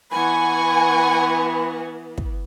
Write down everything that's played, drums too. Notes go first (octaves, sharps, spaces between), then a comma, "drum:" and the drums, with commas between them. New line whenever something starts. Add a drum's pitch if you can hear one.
E3 B3 F#5 G#5 B5 C#6
drum: kick